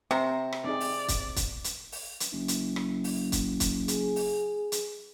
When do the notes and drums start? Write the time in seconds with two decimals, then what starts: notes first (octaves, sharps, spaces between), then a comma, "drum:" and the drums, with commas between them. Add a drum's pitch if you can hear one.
0.11 C3 C4 C5 A#5
0.52 drum: rim click
0.65 C4 D#4 G#4 D5
0.80 drum: open hi-hat
1.08 drum: kick, hi-hat
1.36 drum: kick, hi-hat
1.64 drum: hi-hat
1.92 drum: open hi-hat
2.20 drum: hi-hat
2.32 F#1
2.48 drum: hi-hat
2.76 drum: rim click
3.04 drum: open hi-hat
3.32 drum: kick, hi-hat
3.60 drum: kick, hi-hat
3.88 G#4, drum: hi-hat
4.16 drum: open hi-hat
4.72 drum: hi-hat